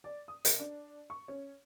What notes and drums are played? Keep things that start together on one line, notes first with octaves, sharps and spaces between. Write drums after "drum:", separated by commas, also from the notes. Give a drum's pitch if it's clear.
D5
D#6
A#4, drum: hi-hat
D4
C#6
C#4